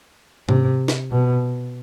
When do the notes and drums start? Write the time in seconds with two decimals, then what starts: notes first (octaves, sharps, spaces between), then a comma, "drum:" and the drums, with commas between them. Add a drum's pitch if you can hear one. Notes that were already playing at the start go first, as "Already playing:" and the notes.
0.49 C3, drum: tom G#2
0.88 drum: snare
1.11 B2